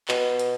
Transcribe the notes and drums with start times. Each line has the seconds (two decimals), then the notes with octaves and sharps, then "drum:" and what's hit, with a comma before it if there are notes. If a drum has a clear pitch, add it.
0.08 B2, drum: clap
0.39 drum: hi-hat